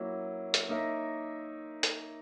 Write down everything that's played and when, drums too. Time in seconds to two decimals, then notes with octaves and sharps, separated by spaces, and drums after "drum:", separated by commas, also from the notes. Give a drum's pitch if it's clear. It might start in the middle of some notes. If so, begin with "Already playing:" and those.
Already playing: F#3 A#3 C#4 E4
0.54 drum: hi-hat
0.68 A#3 D#4 A#4 C#5 E5
1.83 drum: hi-hat